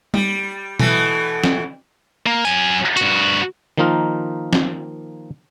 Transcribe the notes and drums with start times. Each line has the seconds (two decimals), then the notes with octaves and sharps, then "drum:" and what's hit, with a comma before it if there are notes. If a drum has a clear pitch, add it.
0.14 G3, drum: tom G3
0.79 B2 E3 A3, drum: tom B2
1.44 drum: snare
2.26 A#3
2.45 F#3 G#5, drum: tambourine
2.97 G2 F#4, drum: hi-hat
3.78 D#3 F3 A#3 D#4 F4 A#4
4.53 drum: snare